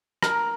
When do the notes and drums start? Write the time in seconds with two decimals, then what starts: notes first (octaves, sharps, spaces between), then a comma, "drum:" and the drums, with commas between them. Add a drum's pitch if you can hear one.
0.23 A#4, drum: rim click